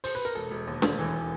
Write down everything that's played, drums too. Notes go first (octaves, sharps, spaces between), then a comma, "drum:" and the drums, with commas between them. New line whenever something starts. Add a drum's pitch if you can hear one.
C5, drum: open hi-hat
B4
A#4
E1 A4
E1
D#2
E1, drum: snare
E3